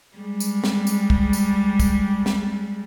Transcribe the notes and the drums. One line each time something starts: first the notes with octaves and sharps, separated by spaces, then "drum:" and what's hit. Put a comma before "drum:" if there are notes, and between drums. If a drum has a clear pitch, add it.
G3 G#3
drum: tambourine
drum: snare
drum: tambourine
drum: kick
drum: tambourine
drum: kick, tambourine
drum: snare